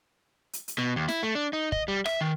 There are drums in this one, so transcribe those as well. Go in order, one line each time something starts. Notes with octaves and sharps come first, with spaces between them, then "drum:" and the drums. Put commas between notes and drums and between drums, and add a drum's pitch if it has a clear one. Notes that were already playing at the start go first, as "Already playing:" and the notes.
drum: hi-hat
drum: hi-hat
B2
D#2
E4, drum: snare
A3
D4
D#4
D#5, drum: kick
G3
E5, drum: rim click
D#3